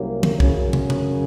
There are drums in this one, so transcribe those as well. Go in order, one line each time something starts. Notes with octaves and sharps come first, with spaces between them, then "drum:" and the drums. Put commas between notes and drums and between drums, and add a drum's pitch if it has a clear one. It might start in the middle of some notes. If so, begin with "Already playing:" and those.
Already playing: C2 C3 F#3 A#3 C#4
drum: tom
F#2 C#3 F#3 C#4, drum: kick
drum: tom
drum: tom